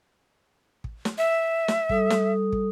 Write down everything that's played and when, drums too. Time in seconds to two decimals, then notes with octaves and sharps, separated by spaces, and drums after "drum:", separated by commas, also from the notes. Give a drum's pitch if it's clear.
0.84 drum: kick
1.05 drum: snare
1.18 E5
1.68 drum: snare
1.89 G3 A4 D#6, drum: kick
2.10 drum: snare
2.52 drum: kick